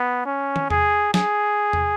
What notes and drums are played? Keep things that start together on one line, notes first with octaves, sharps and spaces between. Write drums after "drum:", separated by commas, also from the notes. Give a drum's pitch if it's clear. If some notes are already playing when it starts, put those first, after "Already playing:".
Already playing: B3
C#4
drum: tom
G#4, drum: tom E2
G#4, drum: snare
drum: tom E2